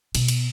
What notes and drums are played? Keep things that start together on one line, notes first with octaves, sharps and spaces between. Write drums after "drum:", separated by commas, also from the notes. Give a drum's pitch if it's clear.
B2, drum: cymbal
drum: cymbal